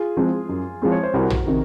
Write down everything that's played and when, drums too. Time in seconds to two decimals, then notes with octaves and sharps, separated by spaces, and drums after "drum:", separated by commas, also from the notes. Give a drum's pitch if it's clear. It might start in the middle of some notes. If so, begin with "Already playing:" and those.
Already playing: F4 G#4
0.17 F3 G#3 C4
0.49 F#2
0.82 F3 G#3 C4
0.92 C#5
1.03 C5
1.14 C2 F#4 A#4
1.30 drum: tom
1.47 C3 D#3